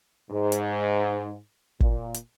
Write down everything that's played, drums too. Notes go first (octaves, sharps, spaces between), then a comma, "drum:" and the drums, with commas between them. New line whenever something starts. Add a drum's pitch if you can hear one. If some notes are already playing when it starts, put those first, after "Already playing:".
G#2
drum: hi-hat
A#2, drum: kick
drum: hi-hat